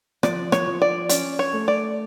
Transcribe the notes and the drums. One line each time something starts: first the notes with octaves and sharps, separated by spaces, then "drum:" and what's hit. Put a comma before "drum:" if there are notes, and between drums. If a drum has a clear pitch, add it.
F3 D5, drum: rim click
C#5, drum: rim click
F3
D5
C#4 D5, drum: hi-hat
C#5
A3
D5